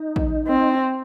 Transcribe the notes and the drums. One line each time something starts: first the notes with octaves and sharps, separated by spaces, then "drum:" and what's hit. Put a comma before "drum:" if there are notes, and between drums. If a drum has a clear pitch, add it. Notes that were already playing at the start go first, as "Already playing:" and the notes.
Already playing: D#4
drum: kick A1
C4